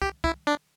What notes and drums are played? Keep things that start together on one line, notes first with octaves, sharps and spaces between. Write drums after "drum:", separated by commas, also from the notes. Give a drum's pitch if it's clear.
G4, drum: kick
E4, drum: kick
D4